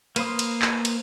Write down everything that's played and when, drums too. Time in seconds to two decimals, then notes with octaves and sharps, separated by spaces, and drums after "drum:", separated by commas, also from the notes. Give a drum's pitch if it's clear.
0.16 A#3 B4 C5 C6 D#6, drum: cymbal
0.39 drum: cymbal
0.62 drum: clap
0.85 drum: cymbal